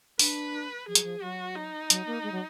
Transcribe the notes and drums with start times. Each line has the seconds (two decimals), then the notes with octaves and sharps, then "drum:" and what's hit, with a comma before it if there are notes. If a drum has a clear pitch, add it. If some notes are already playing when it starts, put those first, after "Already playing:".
0.19 D4 B4, drum: open hi-hat
0.88 F3 G#4
0.95 F#3, drum: hi-hat
1.03 F3
1.21 F#3 F#4
1.55 D#4
1.90 F#3, drum: hi-hat
2.07 A#3
2.23 G#3
2.32 F#3